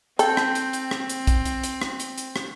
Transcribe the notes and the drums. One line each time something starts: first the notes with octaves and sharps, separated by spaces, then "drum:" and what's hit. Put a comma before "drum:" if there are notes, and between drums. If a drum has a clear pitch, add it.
C4 A4 G5, drum: hi-hat
drum: rim click
drum: hi-hat
drum: hi-hat
drum: rim click
drum: hi-hat
drum: kick, hi-hat
drum: hi-hat
drum: hi-hat
drum: rim click
drum: hi-hat
drum: hi-hat
drum: rim click